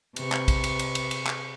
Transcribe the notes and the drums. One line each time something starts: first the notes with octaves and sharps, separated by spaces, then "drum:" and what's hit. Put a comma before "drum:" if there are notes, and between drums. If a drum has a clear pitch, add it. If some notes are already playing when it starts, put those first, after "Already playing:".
C3 B4 C#6, drum: cymbal
drum: clap
drum: kick, cymbal
drum: cymbal
drum: cymbal
drum: cymbal
drum: cymbal
drum: clap